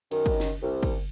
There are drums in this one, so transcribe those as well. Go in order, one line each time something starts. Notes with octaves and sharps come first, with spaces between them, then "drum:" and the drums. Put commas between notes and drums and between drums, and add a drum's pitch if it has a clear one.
F#2 D#3, drum: cymbal
drum: kick, cymbal
drum: snare
C2
drum: kick, cymbal